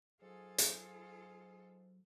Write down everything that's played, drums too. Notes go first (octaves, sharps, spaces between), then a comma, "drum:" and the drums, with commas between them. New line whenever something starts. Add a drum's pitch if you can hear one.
G#2 F#3 F4 G#4 A4
drum: hi-hat